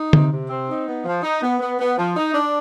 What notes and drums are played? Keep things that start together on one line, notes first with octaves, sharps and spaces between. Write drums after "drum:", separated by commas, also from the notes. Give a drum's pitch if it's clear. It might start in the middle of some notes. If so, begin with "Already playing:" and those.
Already playing: D#4
C3, drum: tom D3
C3
C4
D#4
B3
F3
D#4
B3
B3
B3
F3
D#4
D4